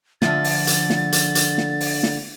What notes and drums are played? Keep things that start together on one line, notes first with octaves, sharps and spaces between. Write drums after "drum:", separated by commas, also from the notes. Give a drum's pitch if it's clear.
D3 F3 E5 A6, drum: snare
drum: open hi-hat
drum: hi-hat
drum: snare
drum: hi-hat
drum: hi-hat
drum: snare
drum: open hi-hat
drum: snare